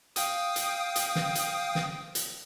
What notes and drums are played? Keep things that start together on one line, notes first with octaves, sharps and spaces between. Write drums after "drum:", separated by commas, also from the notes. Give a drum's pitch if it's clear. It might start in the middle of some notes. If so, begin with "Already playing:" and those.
F5 G5 D#6, drum: hi-hat
drum: hi-hat
drum: hi-hat
drum: snare
drum: hi-hat
drum: snare
drum: hi-hat